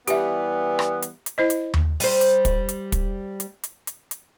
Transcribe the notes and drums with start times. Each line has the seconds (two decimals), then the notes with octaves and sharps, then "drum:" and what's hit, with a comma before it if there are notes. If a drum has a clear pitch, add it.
0.07 E3 G3 B3 G4 E5, drum: hi-hat
0.79 drum: rim click
1.02 drum: hi-hat
1.26 drum: hi-hat
1.38 E4 C5 D#5
1.50 drum: hi-hat
1.74 drum: tom D#2
2.00 G3 C5, drum: open hi-hat
2.21 drum: hi-hat
2.45 drum: kick, hi-hat
2.69 drum: hi-hat
2.92 drum: kick, hi-hat
3.40 drum: hi-hat
3.63 drum: hi-hat
3.87 drum: hi-hat
4.11 drum: hi-hat